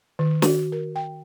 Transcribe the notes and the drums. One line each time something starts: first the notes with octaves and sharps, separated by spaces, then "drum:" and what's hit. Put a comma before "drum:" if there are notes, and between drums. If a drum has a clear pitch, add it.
D#3
F#4, drum: snare
A#4
G5